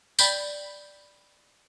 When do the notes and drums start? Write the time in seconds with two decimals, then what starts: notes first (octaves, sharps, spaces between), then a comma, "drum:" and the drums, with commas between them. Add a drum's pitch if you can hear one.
0.19 D5 G5 B5 G6 B6, drum: tambourine